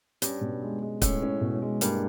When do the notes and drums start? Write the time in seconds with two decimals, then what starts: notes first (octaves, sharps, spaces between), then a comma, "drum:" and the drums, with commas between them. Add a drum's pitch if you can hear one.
0.22 G2 C#4, drum: hi-hat
0.41 B2
0.62 G#3
0.82 G#3
1.02 A2 C#4, drum: kick, hi-hat
1.22 C#4
1.41 B2
1.62 G#3
1.81 G2 A#3, drum: hi-hat